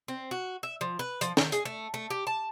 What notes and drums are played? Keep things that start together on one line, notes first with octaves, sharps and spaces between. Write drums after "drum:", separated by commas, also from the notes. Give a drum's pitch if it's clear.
C4
F#4
E5
F3
B4
F3, drum: hi-hat
D#3, drum: snare
G#4, drum: hi-hat
A3
A3
G4
A5